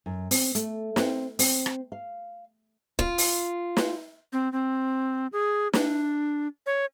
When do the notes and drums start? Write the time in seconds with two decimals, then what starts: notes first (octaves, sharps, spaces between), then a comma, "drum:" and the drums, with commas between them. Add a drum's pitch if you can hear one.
0.06 F#2
0.31 C4, drum: open hi-hat
0.55 A3, drum: hi-hat
0.96 C4, drum: snare
1.39 C4, drum: open hi-hat
1.66 drum: rim click
1.92 F5
2.99 F4, drum: kick
3.18 drum: open hi-hat
3.77 drum: snare
4.33 C4
4.52 C4
5.33 G#4
5.73 D4, drum: snare
6.66 C#5